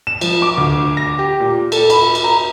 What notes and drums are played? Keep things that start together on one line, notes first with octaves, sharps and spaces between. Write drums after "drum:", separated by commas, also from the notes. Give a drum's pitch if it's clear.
E7
F3, drum: cymbal
D6
D2
A#6
G4
A#2
A4, drum: cymbal
B5, drum: cymbal
drum: cymbal
A#5